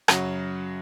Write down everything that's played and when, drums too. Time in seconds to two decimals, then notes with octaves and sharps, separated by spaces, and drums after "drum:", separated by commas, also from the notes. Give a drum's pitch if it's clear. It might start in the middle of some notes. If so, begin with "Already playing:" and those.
0.08 F#2 C#3 F#3 F#4, drum: rim click